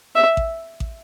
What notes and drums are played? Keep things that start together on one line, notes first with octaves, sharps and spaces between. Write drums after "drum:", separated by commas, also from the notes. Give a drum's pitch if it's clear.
E5
drum: kick A1
drum: kick A1